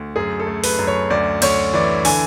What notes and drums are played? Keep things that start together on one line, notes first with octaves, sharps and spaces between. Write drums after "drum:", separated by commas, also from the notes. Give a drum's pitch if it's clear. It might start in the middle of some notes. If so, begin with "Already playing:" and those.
Already playing: D2
F#2 G#4
A4
A3
B4, drum: open hi-hat
F#2
C#5
D2 D5
D2 C#5, drum: cymbal
E3 D5
D3 G#5, drum: open hi-hat